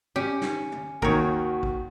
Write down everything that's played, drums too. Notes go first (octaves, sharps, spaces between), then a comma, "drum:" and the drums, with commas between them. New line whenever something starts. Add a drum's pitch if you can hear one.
C#4 G4
drum: snare
drum: tom
D#2 D#3 F#4 A#4 C#5, drum: kick
drum: kick